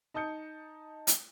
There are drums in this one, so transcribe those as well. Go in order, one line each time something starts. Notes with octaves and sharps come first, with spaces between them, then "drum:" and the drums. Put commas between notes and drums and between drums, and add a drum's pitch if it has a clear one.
D#4 A5 D#6 G6 C#7
drum: hi-hat